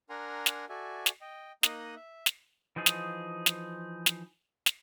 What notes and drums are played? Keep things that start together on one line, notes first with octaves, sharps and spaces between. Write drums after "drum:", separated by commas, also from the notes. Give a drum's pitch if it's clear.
D4 A#4 F#5 G#5 A#5 C6
drum: snare
F#4 A4 D5 E5 G#5
drum: snare
D#5 G5
A#3 D#4 D#5 D#6 F#6, drum: snare
E5
drum: snare
E3 F3 D#4 G#4
drum: snare
drum: snare
drum: snare
drum: snare